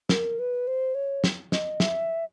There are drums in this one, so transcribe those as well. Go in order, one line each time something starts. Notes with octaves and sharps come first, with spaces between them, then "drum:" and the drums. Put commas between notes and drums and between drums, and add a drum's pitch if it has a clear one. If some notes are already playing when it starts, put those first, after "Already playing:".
A#4, drum: snare
B4
C5
C#5
drum: snare
D#5, drum: snare
E5, drum: snare